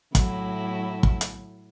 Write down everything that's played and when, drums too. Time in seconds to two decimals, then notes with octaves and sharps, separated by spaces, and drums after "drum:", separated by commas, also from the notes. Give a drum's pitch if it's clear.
0.15 A2 F#3 E4, drum: kick, hi-hat
1.03 drum: kick
1.21 drum: hi-hat